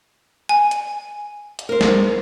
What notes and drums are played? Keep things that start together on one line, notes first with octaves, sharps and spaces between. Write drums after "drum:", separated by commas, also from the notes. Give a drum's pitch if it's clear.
G#5
drum: hi-hat
drum: hi-hat
A#4 C5
drum: snare